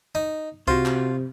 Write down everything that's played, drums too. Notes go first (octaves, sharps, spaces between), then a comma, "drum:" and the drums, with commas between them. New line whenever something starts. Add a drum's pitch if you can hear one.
D#4
C3 F4 F#4 C5, drum: kick C2
drum: clap